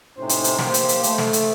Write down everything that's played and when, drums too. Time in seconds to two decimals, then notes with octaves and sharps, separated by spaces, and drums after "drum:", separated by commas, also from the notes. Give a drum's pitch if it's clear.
0.18 A2 C3 C#4 D#4 C5
0.29 drum: hi-hat
0.44 drum: hi-hat
0.59 A#3 G4 C5, drum: snare
0.74 drum: hi-hat
0.89 drum: hi-hat
1.03 A3, drum: hi-hat
1.18 drum: snare
1.33 drum: hi-hat